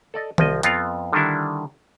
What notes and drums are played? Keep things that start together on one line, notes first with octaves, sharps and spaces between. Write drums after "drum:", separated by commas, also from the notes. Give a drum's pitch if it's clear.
A4 D5 D#5
C2 F3 D#5, drum: tom D#3
F2 B3 C4 F4 F5, drum: hi-hat
D3 D#3 G3 D4 E4